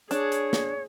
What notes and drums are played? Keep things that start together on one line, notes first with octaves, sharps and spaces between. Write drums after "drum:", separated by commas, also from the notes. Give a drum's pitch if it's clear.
D4 G#4 C#5, drum: hi-hat
drum: hi-hat
drum: snare